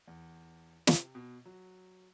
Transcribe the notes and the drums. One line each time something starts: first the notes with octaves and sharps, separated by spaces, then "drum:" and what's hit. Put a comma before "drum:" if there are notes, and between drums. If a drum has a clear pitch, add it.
E2
C3, drum: snare
B2
F#3